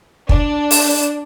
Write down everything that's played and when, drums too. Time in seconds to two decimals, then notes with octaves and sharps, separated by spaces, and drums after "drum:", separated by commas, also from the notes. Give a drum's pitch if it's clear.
0.29 D4, drum: kick
0.71 drum: open hi-hat